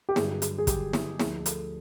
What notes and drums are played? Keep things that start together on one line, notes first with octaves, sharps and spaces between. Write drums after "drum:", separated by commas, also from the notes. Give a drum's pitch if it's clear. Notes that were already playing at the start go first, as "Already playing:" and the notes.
G4
G2 D3 F#3 G#4, drum: snare
G#4, drum: hi-hat
G#4
G2 D3 F#3 G4, drum: kick, hi-hat
drum: snare
D2 D3 F3 G#4, drum: snare
A4, drum: hi-hat